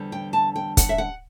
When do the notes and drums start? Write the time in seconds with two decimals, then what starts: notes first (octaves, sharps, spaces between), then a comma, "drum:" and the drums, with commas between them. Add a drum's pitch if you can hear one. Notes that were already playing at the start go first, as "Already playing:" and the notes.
Already playing: E2 D3 G3 C4
0.12 G5
0.33 A5
0.56 G5
0.77 F#5, drum: kick, hi-hat
0.89 E5
0.98 F#5